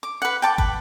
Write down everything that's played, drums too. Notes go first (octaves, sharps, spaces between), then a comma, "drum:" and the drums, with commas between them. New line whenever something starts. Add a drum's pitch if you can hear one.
D6
B4 F#5
G5 A5 D6
B4, drum: kick